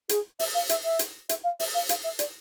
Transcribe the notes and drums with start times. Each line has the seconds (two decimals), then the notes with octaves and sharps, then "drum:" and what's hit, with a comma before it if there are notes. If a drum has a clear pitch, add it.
0.09 G#4, drum: hi-hat
0.39 E5, drum: open hi-hat
0.54 F5
0.69 E5, drum: hi-hat
0.84 E5
0.99 drum: hi-hat
1.29 E5, drum: hi-hat
1.44 F5
1.59 E5, drum: open hi-hat
1.74 F5
1.89 F5, drum: hi-hat
2.04 E5
2.19 D5, drum: hi-hat